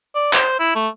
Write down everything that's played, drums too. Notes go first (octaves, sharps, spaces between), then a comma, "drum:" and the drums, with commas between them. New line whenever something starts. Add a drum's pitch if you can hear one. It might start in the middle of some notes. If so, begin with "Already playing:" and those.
D5
C5, drum: clap
E4
A3